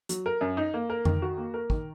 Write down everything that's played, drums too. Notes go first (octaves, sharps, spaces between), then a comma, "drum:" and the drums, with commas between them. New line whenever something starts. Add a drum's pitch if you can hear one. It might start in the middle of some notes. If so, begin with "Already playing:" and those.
F#3, drum: hi-hat
A#4
F#2
D#4
A#3
A#4
D#3, drum: tom F2
F#4
A#3
A#4
D#3, drum: kick